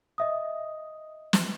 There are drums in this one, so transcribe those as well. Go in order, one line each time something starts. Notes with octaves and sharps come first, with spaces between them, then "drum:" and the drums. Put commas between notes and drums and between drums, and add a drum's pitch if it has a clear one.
D#5 E5 D#6
drum: snare